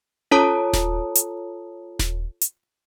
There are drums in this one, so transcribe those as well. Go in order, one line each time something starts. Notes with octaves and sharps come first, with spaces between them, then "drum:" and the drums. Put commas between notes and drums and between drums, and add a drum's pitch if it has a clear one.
F4 A4 C#5 A5 A#5 D#6, drum: tom C#4
drum: snare D#1
drum: hi-hat
drum: snare D#1
drum: hi-hat